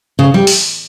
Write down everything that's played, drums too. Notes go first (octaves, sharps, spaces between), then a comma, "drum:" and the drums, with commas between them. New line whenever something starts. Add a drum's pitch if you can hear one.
C#3
G3
drum: open hi-hat